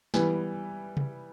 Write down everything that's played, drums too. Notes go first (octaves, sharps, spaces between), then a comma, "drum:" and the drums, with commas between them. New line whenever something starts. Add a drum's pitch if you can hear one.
E3 G3 B3, drum: snare
drum: tom C3